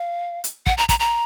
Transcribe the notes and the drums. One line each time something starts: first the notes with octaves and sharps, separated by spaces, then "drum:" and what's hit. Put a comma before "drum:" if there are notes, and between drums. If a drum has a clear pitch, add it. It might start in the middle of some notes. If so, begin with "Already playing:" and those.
Already playing: F5
drum: hi-hat
F#5, drum: kick
A#5
A#5, drum: kick, hi-hat
A#5